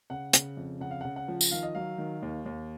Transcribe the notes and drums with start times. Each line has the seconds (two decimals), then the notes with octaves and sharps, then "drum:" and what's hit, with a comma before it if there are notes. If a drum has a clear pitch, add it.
0.10 C#3 F#5
0.33 C#3, drum: hi-hat
0.57 F2
0.80 C#3 F#5
0.91 F5
1.01 C#3 F#5
1.16 F#5
1.28 F3
1.41 drum: tambourine
1.51 D#3 F5
1.63 D#5
1.75 F#3 F5
1.98 D#3
2.23 D#2
2.46 D#2